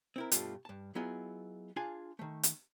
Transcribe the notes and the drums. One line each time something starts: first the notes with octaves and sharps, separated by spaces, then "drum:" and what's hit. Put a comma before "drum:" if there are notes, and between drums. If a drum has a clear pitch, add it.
C4 E4 A#4
G2 B2 A3 D4 F4, drum: hi-hat
G2 A5
F#3 B3 E4 F4 G#4 D#5
D4 F4 G#4 F5 G#5
D#3 A3
drum: hi-hat